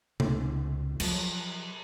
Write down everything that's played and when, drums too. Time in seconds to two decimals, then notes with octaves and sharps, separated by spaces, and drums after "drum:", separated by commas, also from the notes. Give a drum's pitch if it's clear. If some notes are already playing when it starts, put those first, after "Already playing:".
0.20 C#2, drum: tom C3
1.00 F3 F#3, drum: cymbal